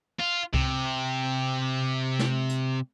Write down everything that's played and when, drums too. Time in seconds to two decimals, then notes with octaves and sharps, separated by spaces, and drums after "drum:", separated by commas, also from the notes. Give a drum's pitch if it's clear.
0.20 F4
0.54 C3, drum: kick C2
2.19 drum: snare
2.49 drum: hi-hat